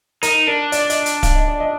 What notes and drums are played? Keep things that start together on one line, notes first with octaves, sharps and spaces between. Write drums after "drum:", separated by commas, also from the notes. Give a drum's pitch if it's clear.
D#4 A#4, drum: hi-hat
D4 A#4
D5, drum: hi-hat
D#5, drum: hi-hat
drum: hi-hat
F5, drum: kick D1, hi-hat
D#5
D5
D#5